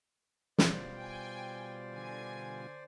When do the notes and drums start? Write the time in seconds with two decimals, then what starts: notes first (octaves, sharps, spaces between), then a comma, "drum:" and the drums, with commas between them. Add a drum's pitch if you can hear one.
0.58 B2 G3 F4 C5 D5, drum: snare
0.98 G5 G#5
1.91 D3 G#5